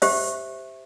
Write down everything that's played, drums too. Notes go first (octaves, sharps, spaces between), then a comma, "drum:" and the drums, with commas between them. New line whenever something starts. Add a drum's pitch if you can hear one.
G4 C5 E5, drum: open hi-hat